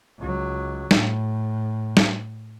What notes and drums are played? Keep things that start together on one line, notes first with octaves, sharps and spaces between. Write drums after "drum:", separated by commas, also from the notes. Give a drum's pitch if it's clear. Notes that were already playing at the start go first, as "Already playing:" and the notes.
C#2 F#3
A2, drum: snare
drum: snare